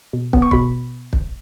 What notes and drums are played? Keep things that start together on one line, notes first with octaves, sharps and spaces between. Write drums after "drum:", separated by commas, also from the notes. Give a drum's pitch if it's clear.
B2
B3, drum: kick
C#6
B2 B5, drum: kick
drum: kick